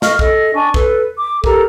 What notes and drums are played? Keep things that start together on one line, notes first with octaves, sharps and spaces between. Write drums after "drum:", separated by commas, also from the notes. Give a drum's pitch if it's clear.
D#5 F5 C#6 F6, drum: snare
A4 D#5, drum: kick B1
D4 G#5 A5 C#6
A4 B4, drum: kick B1
D6
G4 A4 A#4 A#5, drum: kick B1